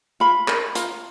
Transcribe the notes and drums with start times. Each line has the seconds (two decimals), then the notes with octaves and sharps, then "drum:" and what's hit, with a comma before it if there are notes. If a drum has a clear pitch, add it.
0.20 F4 B5
0.48 A#4, drum: clap
0.75 F4 A#5, drum: hi-hat